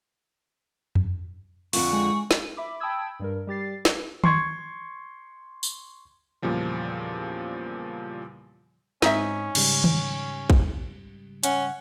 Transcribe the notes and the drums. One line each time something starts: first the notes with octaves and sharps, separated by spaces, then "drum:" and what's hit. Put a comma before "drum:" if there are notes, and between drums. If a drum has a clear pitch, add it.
drum: tom F2
F2 D3 C#6, drum: open hi-hat
G#3
drum: snare
E5 B5 D6
G5 A5 B5 D#6 E6 G#6
G2 G3 A#4
G3 G4 A6 C7
B4, drum: snare
C6 C#6 G#6, drum: tom D#3
drum: tambourine
E2 A#2 C#3 F3 G3
G#2 C4 C#4 D#4 E5, drum: snare
G#2 C#3 G3, drum: cymbal
drum: tom D#3
drum: kick
C#4 F#5, drum: hi-hat